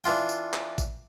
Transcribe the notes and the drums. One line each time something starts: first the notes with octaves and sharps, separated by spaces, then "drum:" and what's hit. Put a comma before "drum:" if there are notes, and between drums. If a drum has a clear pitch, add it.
E3 D4 F4 G5
drum: tambourine
drum: clap
drum: kick A1, tambourine